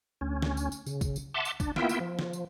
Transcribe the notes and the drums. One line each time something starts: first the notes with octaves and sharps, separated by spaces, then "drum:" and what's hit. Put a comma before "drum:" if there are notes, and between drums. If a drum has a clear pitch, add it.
D2 C#4
drum: snare
drum: tambourine
drum: tambourine
C#3, drum: tambourine
drum: kick, tambourine
drum: tambourine
E5 F#5 A5 C6 D6
drum: tambourine
D4, drum: kick, tambourine
A#3 B3 E4 F4 E5 G5, drum: snare
drum: tambourine
F3
drum: snare
drum: tambourine